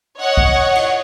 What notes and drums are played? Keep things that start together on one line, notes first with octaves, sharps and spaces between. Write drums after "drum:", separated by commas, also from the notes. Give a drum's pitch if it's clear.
C#5 D#5 F#5 C#6
drum: kick
drum: cymbal